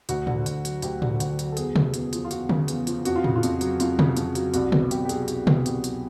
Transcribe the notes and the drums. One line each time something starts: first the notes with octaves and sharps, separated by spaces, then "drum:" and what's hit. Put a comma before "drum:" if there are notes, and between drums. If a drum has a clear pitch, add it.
D2 F#4, drum: hi-hat
D3, drum: tom A2
D2, drum: hi-hat
F#3, drum: hi-hat
D2 G4, drum: hi-hat
D3, drum: tom A2
D2, drum: hi-hat
F#3, drum: hi-hat
A4
E2 G#4, drum: hi-hat
C#3, drum: tom C3
E2, drum: hi-hat
F3, drum: hi-hat
F4
E2 F#4, drum: hi-hat
C#3, drum: tom D3
E2, drum: hi-hat
F3, drum: hi-hat
F2 F#4, drum: hi-hat
F4
C#3, drum: tom A2
F4
F2, drum: hi-hat
F#3, drum: hi-hat
F2 F4, drum: hi-hat
C#3, drum: tom C3
F2, drum: hi-hat
F#3, drum: hi-hat
C2 F#4, drum: hi-hat
B2, drum: tom C3
C2 G4, drum: hi-hat
G4
F#3 G#4, drum: hi-hat
C2, drum: hi-hat
B2, drum: tom C3
C2 G4, drum: hi-hat
F#3, drum: hi-hat